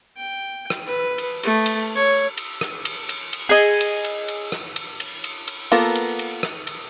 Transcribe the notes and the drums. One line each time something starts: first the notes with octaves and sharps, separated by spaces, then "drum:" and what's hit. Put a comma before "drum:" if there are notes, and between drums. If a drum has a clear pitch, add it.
G5
drum: rim click
B4
drum: cymbal
A3, drum: cymbal
drum: cymbal
C#5
drum: cymbal
drum: rim click
drum: cymbal
drum: cymbal
drum: cymbal
G#4 D#5
drum: cymbal
drum: cymbal
drum: cymbal
drum: rim click
drum: cymbal
drum: cymbal
drum: cymbal
drum: cymbal
A#3 B3 F4 A4 A#4, drum: cymbal
drum: cymbal
drum: cymbal
drum: rim click
drum: cymbal